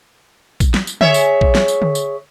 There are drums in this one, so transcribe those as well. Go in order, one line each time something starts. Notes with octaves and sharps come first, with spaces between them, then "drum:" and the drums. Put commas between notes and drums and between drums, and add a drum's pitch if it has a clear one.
drum: kick A#1, tambourine
drum: snare
drum: tambourine
G#4 C#5 E5, drum: tom D3
drum: tambourine
drum: kick A#1
drum: snare
drum: tambourine
drum: tom D3
drum: tambourine